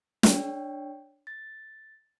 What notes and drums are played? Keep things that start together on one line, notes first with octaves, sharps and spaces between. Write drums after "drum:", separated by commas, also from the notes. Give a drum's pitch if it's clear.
D4 C#5 G5, drum: snare
A6